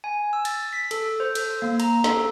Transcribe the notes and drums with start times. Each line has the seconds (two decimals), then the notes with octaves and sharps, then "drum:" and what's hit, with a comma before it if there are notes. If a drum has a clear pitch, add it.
0.04 G#5
0.33 E6
0.45 A6, drum: cymbal
0.73 B6
0.91 A4, drum: cymbal
1.20 C5
1.35 A4, drum: cymbal
1.62 A#3
1.80 A#5, drum: cymbal
2.04 A4, drum: snare